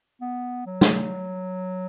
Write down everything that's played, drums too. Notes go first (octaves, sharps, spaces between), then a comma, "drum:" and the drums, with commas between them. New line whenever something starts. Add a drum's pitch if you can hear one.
B3
F#3
drum: snare